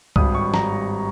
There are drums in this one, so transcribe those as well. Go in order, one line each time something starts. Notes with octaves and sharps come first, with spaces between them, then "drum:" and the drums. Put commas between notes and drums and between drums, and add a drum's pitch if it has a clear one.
G#1 G2 G3 D#6, drum: kick
C#6
A#5, drum: snare